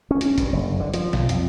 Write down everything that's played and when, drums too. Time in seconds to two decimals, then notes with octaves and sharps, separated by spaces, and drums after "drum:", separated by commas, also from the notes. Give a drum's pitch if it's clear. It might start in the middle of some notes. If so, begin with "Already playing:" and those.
0.11 C#4
0.21 drum: hi-hat
0.38 G2, drum: kick G1, hi-hat
0.53 F#1
0.80 D3
0.94 F3, drum: hi-hat
1.13 B1, drum: snare
1.29 F2, drum: hi-hat